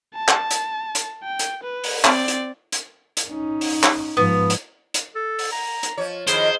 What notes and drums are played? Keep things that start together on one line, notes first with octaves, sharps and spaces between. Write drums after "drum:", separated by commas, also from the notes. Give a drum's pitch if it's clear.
A5
drum: clap
drum: hi-hat
drum: hi-hat
G5
drum: hi-hat
B4
drum: open hi-hat
C4 D5, drum: clap
drum: hi-hat
drum: hi-hat
drum: hi-hat
C#4 D#4
drum: open hi-hat
drum: clap
G#2 F3 B3
drum: hi-hat
drum: hi-hat
A4
drum: open hi-hat
A#5
drum: hi-hat
F3 C#5
F2 D#3 E4 G#4 C5, drum: hi-hat